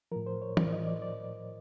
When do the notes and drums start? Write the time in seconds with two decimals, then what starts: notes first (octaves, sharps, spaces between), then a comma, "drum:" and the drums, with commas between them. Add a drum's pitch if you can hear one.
0.12 A2 F3 A#4
0.26 C5
0.42 C#5
0.57 D5, drum: tom
0.72 A2 F3 D#5
0.87 D5
1.02 D5